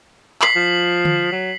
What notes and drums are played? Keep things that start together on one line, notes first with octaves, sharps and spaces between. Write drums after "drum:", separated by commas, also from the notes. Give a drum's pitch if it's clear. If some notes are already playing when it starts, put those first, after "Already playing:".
B6 C7 F#7, drum: clap
F3
drum: tom D3
F#3